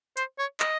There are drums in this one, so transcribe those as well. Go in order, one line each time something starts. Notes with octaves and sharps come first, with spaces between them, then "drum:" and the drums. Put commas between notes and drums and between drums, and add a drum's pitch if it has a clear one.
C5, drum: hi-hat
C#5
D#5, drum: clap